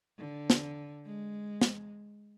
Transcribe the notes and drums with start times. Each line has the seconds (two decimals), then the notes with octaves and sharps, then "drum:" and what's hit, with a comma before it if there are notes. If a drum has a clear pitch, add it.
0.18 D3
0.50 drum: snare
1.06 G#3
1.61 drum: snare